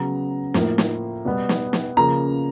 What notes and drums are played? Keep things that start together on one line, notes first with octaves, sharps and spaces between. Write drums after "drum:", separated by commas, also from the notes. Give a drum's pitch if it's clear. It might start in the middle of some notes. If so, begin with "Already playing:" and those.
Already playing: C#3 F#3 B3 A#5
A2 F3 A#3, drum: snare
drum: snare
B2 G3 B3
drum: snare
drum: snare
C#3 F3 A#3 A#5